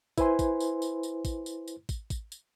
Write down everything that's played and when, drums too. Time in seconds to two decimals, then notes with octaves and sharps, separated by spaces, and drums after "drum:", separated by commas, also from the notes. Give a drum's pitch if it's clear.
0.18 E4 B4 C5 G#5 C6, drum: kick, tambourine
0.39 drum: kick, tambourine
0.60 drum: tambourine
0.82 drum: tambourine
1.03 drum: tambourine
1.25 drum: kick, tambourine
1.46 drum: tambourine
1.68 drum: tambourine
1.89 drum: kick, tambourine
2.10 drum: kick, tambourine
2.32 drum: tambourine